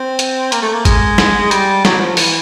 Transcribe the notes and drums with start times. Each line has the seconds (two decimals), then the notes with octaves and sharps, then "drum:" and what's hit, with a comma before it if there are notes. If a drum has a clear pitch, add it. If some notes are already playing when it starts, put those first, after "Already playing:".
Already playing: C4
0.19 drum: hi-hat
0.52 A#3, drum: hi-hat
0.62 A3
0.74 A#3
0.85 G#3, drum: kick G#1, hi-hat
1.18 drum: snare
1.51 G3, drum: hi-hat
1.85 F#3, drum: snare
2.00 F3
2.17 E3, drum: open hi-hat